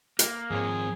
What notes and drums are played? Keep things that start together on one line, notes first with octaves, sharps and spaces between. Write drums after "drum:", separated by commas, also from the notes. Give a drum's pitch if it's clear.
A#3, drum: hi-hat
G#2 D#3 F3 C4 G#4 C#5